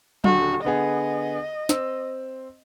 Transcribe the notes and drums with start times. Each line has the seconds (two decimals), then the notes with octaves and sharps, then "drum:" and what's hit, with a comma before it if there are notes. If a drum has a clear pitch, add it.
0.24 D#1 D3 F#4, drum: tom F#3
0.65 D3 B3 G#4 D#5
1.69 C4 E6, drum: snare